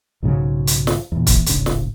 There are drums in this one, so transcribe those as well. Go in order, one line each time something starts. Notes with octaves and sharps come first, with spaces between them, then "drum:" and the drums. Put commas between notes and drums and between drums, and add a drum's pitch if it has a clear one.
B1 G#2 C#3 F#3
drum: hi-hat
drum: snare
E2 A#2
drum: kick, hi-hat
D1 G#1 C#3, drum: hi-hat
drum: snare